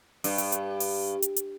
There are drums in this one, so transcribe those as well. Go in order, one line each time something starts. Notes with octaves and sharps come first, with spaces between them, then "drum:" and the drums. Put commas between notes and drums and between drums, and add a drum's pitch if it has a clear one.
G2, drum: open hi-hat
drum: hi-hat
drum: hi-hat
drum: open hi-hat
drum: hi-hat
drum: hi-hat